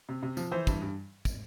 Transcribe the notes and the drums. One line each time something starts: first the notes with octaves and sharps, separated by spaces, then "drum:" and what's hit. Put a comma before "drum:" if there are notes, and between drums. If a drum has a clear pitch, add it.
C3
C3
F3, drum: tambourine
E3 C5
G2, drum: kick, tambourine
G2
drum: kick, tambourine